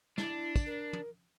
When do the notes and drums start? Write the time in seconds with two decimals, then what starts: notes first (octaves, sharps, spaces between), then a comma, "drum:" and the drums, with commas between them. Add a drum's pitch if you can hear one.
0.18 D4 E4, drum: snare
0.56 drum: kick, tambourine
0.66 A#4
0.93 drum: tom